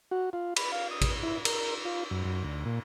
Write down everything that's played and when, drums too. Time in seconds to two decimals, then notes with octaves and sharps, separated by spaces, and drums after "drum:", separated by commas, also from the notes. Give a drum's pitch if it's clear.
0.11 F#4
0.33 F4
0.56 B5, drum: cymbal
0.72 F5
0.91 D#6
1.01 drum: kick A1, cymbal
1.23 E4
1.45 A#4, drum: cymbal
1.85 F4
2.11 F#2
2.24 F#2
2.43 D2
2.65 A#2